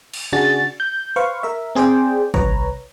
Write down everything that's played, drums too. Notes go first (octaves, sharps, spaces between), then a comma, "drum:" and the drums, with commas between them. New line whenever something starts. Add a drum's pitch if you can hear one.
drum: cymbal
C#3 D4 F#4 G#4 A6
G6
B4 C5 F5 C#6
A#4 E5
C4 G#4 C5 D5 G5
C2 B4 C#5 A#5, drum: kick G#1